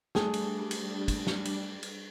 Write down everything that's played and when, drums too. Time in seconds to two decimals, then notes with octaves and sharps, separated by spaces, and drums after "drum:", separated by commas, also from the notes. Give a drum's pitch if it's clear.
0.15 G3 A3 D4 G#4, drum: snare
0.34 drum: cymbal
0.71 drum: cymbal
1.08 drum: kick, cymbal
1.27 drum: snare
1.45 drum: cymbal
1.83 drum: cymbal